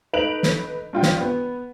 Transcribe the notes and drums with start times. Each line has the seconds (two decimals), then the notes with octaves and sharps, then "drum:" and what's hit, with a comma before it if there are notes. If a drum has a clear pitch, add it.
0.13 A3 D#4 B4 D7 F7 F#7
0.43 drum: snare
0.93 G2 F4 G5
1.03 drum: snare
1.20 B3